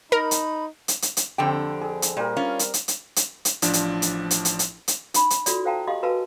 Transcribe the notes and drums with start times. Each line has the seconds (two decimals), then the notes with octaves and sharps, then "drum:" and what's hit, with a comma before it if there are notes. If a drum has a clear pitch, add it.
0.12 D#4 A#4 B5
0.31 drum: hi-hat
0.88 drum: hi-hat
1.02 drum: hi-hat
1.17 drum: hi-hat
1.38 F2 D3 C4 G4 G5
1.81 G#4
2.02 drum: hi-hat
2.17 A#2 G3 A#4
2.37 C#4 F4
2.59 drum: hi-hat
2.74 drum: hi-hat
2.88 drum: hi-hat
3.16 drum: hi-hat
3.45 drum: hi-hat
3.62 A1 F3 D4, drum: hi-hat
3.73 drum: hi-hat
4.02 drum: hi-hat
4.31 drum: hi-hat
4.45 drum: hi-hat
4.59 drum: hi-hat
4.88 drum: hi-hat
5.14 D#4 B5, drum: hi-hat
5.30 drum: hi-hat
5.46 F4 F#4 A4 D5, drum: hi-hat
5.64 A4 C5 F5 G5 A5 A#5
5.87 G4 D#5 F5 C6 D#6
6.03 F#4 A#4 B4 F5 G#5 A5